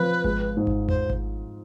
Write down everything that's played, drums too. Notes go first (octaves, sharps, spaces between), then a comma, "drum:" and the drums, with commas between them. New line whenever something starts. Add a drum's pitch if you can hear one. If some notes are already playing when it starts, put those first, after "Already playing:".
Already playing: F3 C4 B4
G#3, drum: kick G#1
G#2
drum: kick G#1
C5, drum: tom E2
drum: kick G#1